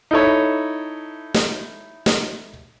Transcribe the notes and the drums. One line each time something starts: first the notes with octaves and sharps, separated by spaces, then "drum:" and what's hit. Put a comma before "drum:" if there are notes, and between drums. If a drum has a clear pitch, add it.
D#4 E4 A4 C#5
drum: snare
drum: snare